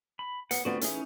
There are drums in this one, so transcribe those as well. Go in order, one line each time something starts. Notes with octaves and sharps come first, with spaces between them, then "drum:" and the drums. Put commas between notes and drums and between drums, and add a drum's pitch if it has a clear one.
B5
B3 F#5, drum: hi-hat
D3 A3 B3 C4 F4 F#4
E3 C#4 D#4 E4 G#4, drum: hi-hat